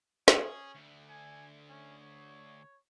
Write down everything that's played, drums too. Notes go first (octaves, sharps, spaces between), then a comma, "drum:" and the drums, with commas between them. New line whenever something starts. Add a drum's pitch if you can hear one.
C#4 G#4, drum: snare
D2 D3
G#5
C#4
C#5